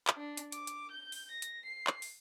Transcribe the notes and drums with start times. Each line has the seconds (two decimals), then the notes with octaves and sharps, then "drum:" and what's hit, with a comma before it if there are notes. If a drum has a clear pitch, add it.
0.07 drum: clap
0.17 D4
0.37 drum: hi-hat
0.52 D6, drum: hi-hat
0.67 drum: hi-hat
0.91 G6
1.12 drum: open hi-hat
1.31 A#6
1.42 drum: hi-hat
1.65 C7
1.87 drum: clap
2.02 drum: open hi-hat